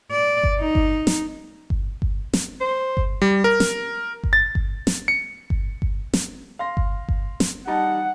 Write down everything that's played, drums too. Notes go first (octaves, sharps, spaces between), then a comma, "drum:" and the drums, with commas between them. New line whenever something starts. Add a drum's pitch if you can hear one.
D5
drum: kick G1
D#4
drum: kick G1
drum: snare
drum: kick G1
drum: kick G1
drum: snare
C5
drum: kick G1
G3
A#4
drum: snare
drum: kick G1
A6
drum: kick G1
drum: snare
C#7
drum: kick G1
drum: kick G1
drum: snare
F5 C6 A#6
drum: kick G1
drum: kick G1
drum: snare
G3 D#4 F#5 A5